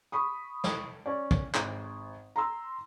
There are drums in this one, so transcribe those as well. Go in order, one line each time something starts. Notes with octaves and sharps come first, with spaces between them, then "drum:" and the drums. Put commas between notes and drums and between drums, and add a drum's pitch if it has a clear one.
B5 C#6 D#6
drum: snare
C#4 D5
drum: kick
G#1, drum: clap
A#5 C6 E6